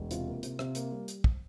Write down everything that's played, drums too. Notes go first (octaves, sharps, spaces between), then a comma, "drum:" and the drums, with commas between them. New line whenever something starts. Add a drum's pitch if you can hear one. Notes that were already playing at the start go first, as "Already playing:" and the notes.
Already playing: E1
C3 F4, drum: hi-hat
A#3
C3, drum: hi-hat
C3, drum: rim click
A#3, drum: hi-hat
G3
drum: hi-hat
drum: kick